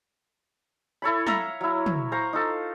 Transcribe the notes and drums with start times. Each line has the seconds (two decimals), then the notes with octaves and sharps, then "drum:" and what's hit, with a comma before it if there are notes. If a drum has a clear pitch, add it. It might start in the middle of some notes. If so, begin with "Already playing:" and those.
1.02 E4 A4 C#5 B5
1.27 E5 F5 A#5, drum: snare
1.61 F#3 E4
1.86 drum: tom
2.12 C5 F5 A#5 C#6
2.33 D#4 F4 A4